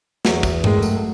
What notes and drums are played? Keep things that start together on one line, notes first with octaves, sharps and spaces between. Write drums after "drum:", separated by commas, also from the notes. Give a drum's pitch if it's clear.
E2 F#3, drum: snare
E2, drum: kick, tambourine
D#3 G#3, drum: tom G2
A3
F#3, drum: tambourine
A3